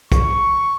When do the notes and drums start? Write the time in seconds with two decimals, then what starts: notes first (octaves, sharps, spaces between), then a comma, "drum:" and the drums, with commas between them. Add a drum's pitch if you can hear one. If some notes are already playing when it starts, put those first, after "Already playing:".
0.12 C#6, drum: kick, hi-hat